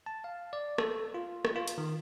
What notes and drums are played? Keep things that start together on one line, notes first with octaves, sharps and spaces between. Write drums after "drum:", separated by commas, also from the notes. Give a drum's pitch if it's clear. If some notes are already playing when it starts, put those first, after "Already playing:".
A5
F5
D5
A4, drum: rim click
F4
drum: rim click
F4
drum: hi-hat
D#3